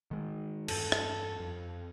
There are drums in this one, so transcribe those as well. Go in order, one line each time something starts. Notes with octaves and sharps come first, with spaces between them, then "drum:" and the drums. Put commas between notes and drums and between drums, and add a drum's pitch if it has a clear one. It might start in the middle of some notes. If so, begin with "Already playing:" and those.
D#3 G#3
E2 G2 A4, drum: cymbal
drum: rim click
F2